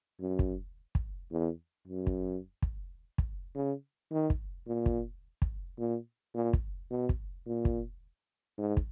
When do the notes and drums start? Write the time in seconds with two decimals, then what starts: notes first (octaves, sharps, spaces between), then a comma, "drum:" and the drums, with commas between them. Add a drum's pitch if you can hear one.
0.20 F#2
0.39 drum: kick
0.95 drum: kick
1.32 E2
1.88 F#2
2.07 drum: kick
2.62 drum: kick
3.18 drum: kick
3.55 C#3
4.12 D#3
4.30 drum: kick
4.67 A#2
4.86 drum: kick
5.42 drum: kick
5.79 A#2
6.35 A#2
6.53 drum: kick
6.91 B2
7.09 drum: kick
7.47 A#2
7.65 drum: kick
8.58 G#2
8.77 drum: kick